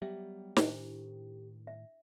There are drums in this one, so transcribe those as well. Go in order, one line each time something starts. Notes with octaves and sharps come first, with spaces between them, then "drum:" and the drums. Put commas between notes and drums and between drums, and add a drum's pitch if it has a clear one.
F#3 G3 B3 G4 E5
A2 D#3 D4 E4 C5, drum: snare
E5